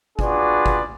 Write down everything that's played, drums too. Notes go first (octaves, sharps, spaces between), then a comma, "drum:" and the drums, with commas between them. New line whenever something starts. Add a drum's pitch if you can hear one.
D4 F4 F#4 G#4 B4 D5, drum: kick G1
drum: kick G1